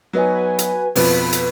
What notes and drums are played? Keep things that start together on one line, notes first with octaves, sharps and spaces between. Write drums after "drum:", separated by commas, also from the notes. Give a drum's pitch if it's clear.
F#3 B3 D#4 F#4 B4 G#5
drum: hi-hat
F2 B2 F3 B4 B5, drum: open hi-hat
drum: hi-hat